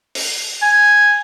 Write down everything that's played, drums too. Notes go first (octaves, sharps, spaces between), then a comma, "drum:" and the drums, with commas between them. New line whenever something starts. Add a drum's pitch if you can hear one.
drum: open hi-hat
G#5